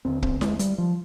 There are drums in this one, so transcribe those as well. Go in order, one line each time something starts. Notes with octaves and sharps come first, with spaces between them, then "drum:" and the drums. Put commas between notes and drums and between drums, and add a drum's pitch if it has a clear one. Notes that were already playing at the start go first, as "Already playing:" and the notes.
D#2 D3 C4
C4, drum: kick
G#3, drum: snare E4
G3, drum: hi-hat
F3